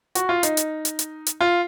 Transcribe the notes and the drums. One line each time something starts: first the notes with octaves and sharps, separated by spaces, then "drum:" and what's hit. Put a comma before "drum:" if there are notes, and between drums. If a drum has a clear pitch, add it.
F#4, drum: hi-hat
F4
D#4, drum: hi-hat
drum: hi-hat
drum: hi-hat
drum: hi-hat
drum: hi-hat
F4